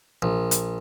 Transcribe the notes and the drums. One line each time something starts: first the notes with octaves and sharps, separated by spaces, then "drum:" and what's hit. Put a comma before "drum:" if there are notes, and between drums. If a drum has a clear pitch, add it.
A#1
drum: hi-hat